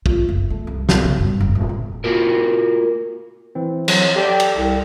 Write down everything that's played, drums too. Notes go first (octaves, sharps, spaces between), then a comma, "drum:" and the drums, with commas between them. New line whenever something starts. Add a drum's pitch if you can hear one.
F4, drum: kick
F#1
A3
C2
B1, drum: snare
C#3
G2
F#1
D#1
A2
A#3 F4 F#4 A#4
E3 C4
F#3, drum: cymbal
G4 A4 D5 G5
drum: cymbal
C2